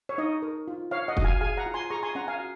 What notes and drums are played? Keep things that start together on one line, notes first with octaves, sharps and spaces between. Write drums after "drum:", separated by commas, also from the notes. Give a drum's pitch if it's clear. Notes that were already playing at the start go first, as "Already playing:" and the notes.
C#5
D#4 D#5
A#4
F4
C#5 F5
D#5 F#5
F#4, drum: kick
F5 G#5
G#4 F5 G#5
F#5 A#5
F4
G#5 C6
G#4 A#5 C#6
G#5 C6
C#4 F#5 A#5
F5 G#5
F#4